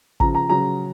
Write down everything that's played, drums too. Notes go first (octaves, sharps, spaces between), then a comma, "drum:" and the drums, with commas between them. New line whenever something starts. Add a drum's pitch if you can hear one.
C#3 F3 A#5, drum: kick
A#5
C#3 F#3 A#5